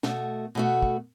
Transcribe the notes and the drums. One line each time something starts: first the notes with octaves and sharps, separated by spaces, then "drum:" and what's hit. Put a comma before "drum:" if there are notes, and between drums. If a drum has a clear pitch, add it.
B2 A3 F#4, drum: snare
B2 A3 F#4
drum: kick